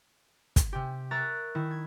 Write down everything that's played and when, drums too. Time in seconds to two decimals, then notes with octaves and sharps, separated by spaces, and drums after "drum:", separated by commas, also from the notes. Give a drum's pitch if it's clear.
0.56 drum: kick, hi-hat
0.73 C3 G4
1.11 A#4 E5 A#5 C#6 F#6 A6
1.55 D#3 E4
1.71 G#6